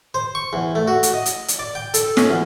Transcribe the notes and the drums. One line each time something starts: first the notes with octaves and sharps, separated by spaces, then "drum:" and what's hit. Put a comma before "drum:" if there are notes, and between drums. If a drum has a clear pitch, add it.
C5
C#6
E2
A3
F#4
drum: hi-hat
D#5
drum: hi-hat
drum: hi-hat
D5
G5
A4, drum: hi-hat
C#4, drum: snare
E2